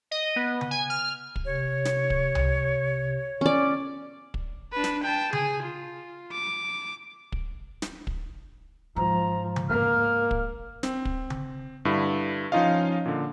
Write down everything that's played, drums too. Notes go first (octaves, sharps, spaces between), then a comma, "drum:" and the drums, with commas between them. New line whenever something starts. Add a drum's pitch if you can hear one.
D#5
B3
drum: tom C#3
G#5
F6
drum: kick
C3 C#5
drum: snare
drum: kick
drum: tom C2
C#4 D5
drum: kick
D4 B4
drum: snare
G5 A5
G#4 G#5, drum: tom C#3
F4
D6
drum: kick
drum: snare
drum: kick
G#2 F3 A#5
drum: tom C#3
A#3 F6
drum: kick
C4, drum: snare
drum: kick
drum: tom C#3
G2 D3 E4
F3 C#4 D#4 F4 D#5 F5
A#2 D3